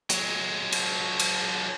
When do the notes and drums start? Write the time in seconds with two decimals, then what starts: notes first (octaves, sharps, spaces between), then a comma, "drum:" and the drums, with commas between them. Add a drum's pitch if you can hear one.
0.10 F#3 G#3, drum: hi-hat
0.72 drum: cymbal
1.20 drum: cymbal